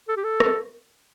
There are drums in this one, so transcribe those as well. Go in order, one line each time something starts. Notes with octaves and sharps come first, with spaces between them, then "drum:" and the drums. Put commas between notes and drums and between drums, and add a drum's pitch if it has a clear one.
A4
G4
A4
drum: rim click